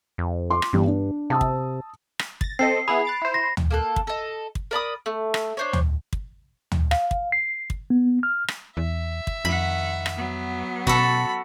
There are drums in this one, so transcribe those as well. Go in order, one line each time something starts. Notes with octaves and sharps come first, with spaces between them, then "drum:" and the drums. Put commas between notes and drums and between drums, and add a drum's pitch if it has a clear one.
F2
C6 D6
drum: rim click
G1 G2 E3 G3
D4
C3 A5 D#6 E6
drum: kick
drum: rim click
A6 A#6, drum: kick
C4 A4 D#5 C7
B3 E4 G#4 B5
F#6 A6 D7
E4 C5
A#6
drum: tom
A#3 A4 F#6
drum: kick
A4 D#5
drum: kick
A#4 D5 B5 D#6
A3
drum: rim click
D4 C5 C#5
drum: tom
drum: kick
drum: tom
F5, drum: rim click
drum: kick
C7
drum: kick
B3
F6
drum: rim click
E2 E5
drum: kick
F2 D#3 F#5 B5
drum: rim click
F#3 B3
B2 F#4 A4 B5, drum: kick